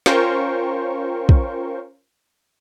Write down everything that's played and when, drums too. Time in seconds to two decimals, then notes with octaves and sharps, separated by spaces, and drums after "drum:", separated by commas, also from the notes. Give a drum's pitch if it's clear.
0.06 C#4 F4 A#4 C5 G5 C#6, drum: snare
1.29 drum: kick